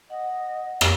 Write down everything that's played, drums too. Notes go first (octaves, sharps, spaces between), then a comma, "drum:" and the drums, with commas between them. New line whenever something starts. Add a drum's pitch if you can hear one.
D#5 F#5
drum: rim click